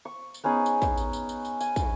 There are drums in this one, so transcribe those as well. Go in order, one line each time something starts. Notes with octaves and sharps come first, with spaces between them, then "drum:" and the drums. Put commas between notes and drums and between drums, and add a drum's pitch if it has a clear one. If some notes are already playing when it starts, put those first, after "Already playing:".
C#6
drum: tambourine
B3 C#4 D#4 G#4
drum: tambourine
drum: kick, tambourine
drum: tambourine
drum: tambourine
drum: tambourine
drum: tambourine
G#5, drum: tambourine
drum: kick, tambourine